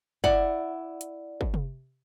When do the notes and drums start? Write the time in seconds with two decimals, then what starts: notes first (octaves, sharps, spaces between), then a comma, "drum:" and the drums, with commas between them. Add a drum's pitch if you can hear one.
0.24 E4 D5 F#5, drum: kick
1.01 drum: hi-hat
1.41 drum: kick
1.54 drum: tom C3